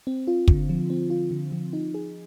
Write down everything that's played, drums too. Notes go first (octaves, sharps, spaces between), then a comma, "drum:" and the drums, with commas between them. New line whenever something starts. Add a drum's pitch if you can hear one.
C4
F4
D3, drum: kick
F3
C4
F4
D3
F3
D#4
G#4